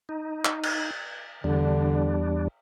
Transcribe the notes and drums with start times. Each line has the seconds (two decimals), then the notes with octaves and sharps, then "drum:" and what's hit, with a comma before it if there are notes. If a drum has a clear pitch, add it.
0.09 D#4
0.45 drum: clap
0.63 drum: cymbal
1.44 E2 D3 G3 D4